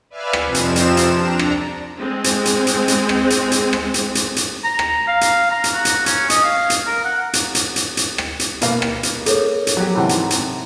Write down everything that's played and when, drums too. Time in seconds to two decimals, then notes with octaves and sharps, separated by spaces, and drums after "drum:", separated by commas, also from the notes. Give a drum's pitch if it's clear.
0.10 B4 D5 E5 F5 G#5 F6
0.33 drum: rim click
0.45 F2 C3 F3 C4 E7
0.55 drum: hi-hat
0.76 drum: hi-hat
0.97 drum: hi-hat
1.10 D4 A#5
1.39 drum: rim click
1.99 G#3 C4
2.24 drum: hi-hat
2.45 drum: hi-hat
2.67 drum: hi-hat
2.88 drum: hi-hat
3.09 drum: rim click
3.30 drum: hi-hat
3.52 drum: hi-hat
3.73 drum: rim click
3.94 drum: hi-hat
4.15 drum: hi-hat
4.36 drum: hi-hat
4.64 A#5
4.79 drum: rim click
5.08 F5
5.21 drum: hi-hat
5.51 A#5
5.64 drum: hi-hat
5.74 F#4
5.85 drum: hi-hat
6.06 C#4, drum: hi-hat
6.30 D#5, drum: hi-hat
6.44 F5
6.70 drum: hi-hat
6.87 A#4
7.05 F#5
7.33 drum: hi-hat
7.55 drum: hi-hat
7.76 drum: hi-hat
7.97 drum: hi-hat
8.18 drum: rim click
8.40 drum: hi-hat
8.61 B2 A#3 F5, drum: hi-hat
8.82 drum: rim click
9.03 drum: hi-hat
9.26 G#4 A4 C#5, drum: hi-hat
9.39 A#4
9.67 drum: hi-hat
9.77 F#3 G4
9.96 G#2 C3 E3 F#5 A5 A#5
10.09 drum: hi-hat
10.30 drum: hi-hat